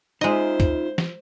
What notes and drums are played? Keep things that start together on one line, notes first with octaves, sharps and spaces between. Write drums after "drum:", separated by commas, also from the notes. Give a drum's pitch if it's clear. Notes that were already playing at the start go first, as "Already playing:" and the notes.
G#3 D#4 F4 C5 D#5 E5
drum: kick D2, hi-hat
drum: snare